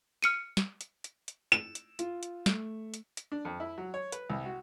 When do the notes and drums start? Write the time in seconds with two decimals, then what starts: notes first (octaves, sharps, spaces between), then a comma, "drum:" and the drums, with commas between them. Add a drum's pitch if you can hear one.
0.23 F6 C#7 D#7
0.57 drum: snare
0.81 drum: hi-hat
1.04 drum: hi-hat
1.28 drum: hi-hat
1.52 E7, drum: hi-hat
1.75 drum: hi-hat
1.99 F4, drum: hi-hat
2.23 drum: hi-hat
2.46 A3, drum: snare
2.94 drum: hi-hat
3.17 drum: hi-hat
3.32 D4
3.45 F2
3.60 E4
3.78 F#3
3.94 C#5
4.12 B4, drum: hi-hat
4.30 C2
4.46 F#4